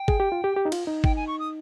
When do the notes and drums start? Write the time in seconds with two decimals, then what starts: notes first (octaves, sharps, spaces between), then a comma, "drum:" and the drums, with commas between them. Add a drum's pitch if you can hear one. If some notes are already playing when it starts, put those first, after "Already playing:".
Already playing: G5
0.08 G#4, drum: kick
0.20 G4
0.32 F4
0.44 G4
0.56 G4
0.65 D#4
0.72 F4, drum: cymbal
0.87 D#4
1.04 G5, drum: kick
1.16 G#5
1.27 C#6
1.39 D#6